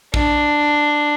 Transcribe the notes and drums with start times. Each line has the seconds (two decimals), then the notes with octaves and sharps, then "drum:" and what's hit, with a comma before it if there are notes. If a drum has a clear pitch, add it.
0.14 D4, drum: kick